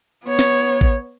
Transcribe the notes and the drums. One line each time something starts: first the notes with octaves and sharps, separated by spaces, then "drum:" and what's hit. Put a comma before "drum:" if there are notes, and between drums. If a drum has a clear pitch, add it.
B3 C#5
drum: snare
drum: kick A1